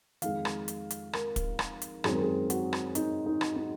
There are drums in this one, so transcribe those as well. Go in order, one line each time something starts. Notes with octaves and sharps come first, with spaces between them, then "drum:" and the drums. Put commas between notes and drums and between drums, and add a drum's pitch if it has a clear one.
F2 D#3 G#3 D#4 F5, drum: hi-hat
drum: rim click
drum: hi-hat
drum: hi-hat
A#4, drum: rim click
drum: kick, hi-hat
drum: rim click
drum: hi-hat
F#2 D#3 G#3 C4 G#4, drum: rim click
A#4
G#4
F#4, drum: hi-hat
drum: rim click
D#4, drum: hi-hat
D#4
drum: rim click
D#4